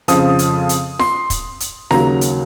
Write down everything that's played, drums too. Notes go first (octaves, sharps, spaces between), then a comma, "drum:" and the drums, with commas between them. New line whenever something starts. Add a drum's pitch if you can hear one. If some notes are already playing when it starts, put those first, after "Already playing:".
F2 C#3 F3 D#6, drum: hi-hat
drum: hi-hat
drum: hi-hat
C6, drum: snare F4
drum: kick, hi-hat
drum: hi-hat
D#2 C#3 F#3 A#5, drum: snare F4
drum: hi-hat